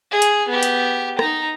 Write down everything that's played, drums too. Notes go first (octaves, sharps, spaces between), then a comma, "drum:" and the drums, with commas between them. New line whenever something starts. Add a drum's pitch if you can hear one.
G#4
drum: hi-hat
B3 G4
drum: hi-hat
D#4 A#5, drum: rim click